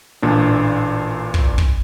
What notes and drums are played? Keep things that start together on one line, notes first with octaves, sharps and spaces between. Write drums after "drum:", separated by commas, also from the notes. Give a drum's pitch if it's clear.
A1 A#2 D4
drum: kick
drum: kick